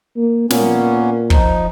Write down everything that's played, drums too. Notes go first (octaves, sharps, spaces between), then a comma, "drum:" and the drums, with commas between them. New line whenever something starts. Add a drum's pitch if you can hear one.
A#3
A#2 A#3 B3 C#4, drum: snare
F3 D#4, drum: kick